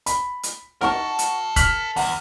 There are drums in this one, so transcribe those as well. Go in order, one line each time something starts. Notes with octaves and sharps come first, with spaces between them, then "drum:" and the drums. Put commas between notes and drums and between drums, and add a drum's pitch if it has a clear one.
B5, drum: hi-hat
drum: hi-hat
A#4 F#5 A5 A#5 C#6, drum: snare D#4
drum: hi-hat
F6 B6 F#7, drum: kick F1, hi-hat
E2 F#5, drum: open hi-hat